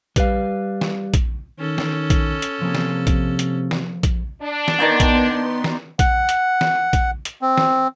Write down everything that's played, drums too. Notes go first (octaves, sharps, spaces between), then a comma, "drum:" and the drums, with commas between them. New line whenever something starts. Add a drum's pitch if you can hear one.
G3 B4 F5, drum: kick A#1, hi-hat
drum: snare
drum: kick A#1, hi-hat
D#3 C#4 A4
drum: snare
drum: kick A#1, hi-hat
drum: hi-hat
C3 F3 A#3 G#4
drum: snare
drum: kick A#1, hi-hat
drum: hi-hat
drum: snare
drum: kick A#1, hi-hat
D4
drum: snare
D#3 B3 D5 G5 C6
drum: kick A#1, hi-hat
drum: snare
F#5, drum: kick A#1, hi-hat
drum: hi-hat
drum: snare
drum: kick A#1, hi-hat
drum: hi-hat
C4
drum: snare